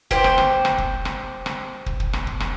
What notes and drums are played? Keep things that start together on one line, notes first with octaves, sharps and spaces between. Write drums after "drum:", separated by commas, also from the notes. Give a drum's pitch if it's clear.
G4 C5 D5, drum: kick
drum: rim click
drum: rim click
drum: rim click
drum: kick
drum: rim click
drum: rim click
drum: kick
drum: kick
drum: rim click
drum: kick
drum: rim click